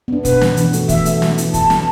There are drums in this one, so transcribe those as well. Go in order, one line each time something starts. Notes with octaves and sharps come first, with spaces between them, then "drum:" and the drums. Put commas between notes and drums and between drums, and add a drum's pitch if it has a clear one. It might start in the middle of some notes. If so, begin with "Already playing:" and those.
B3 D4
B2 B4, drum: kick, hi-hat
B3 D4, drum: snare
E3, drum: hi-hat
A3 F#4 A4, drum: hi-hat
E3 E5, drum: kick, hi-hat
A3 F#4 A4, drum: hi-hat
E3, drum: snare
B3 E4, drum: hi-hat
E3 A5, drum: kick, hi-hat
B3 E4, drum: snare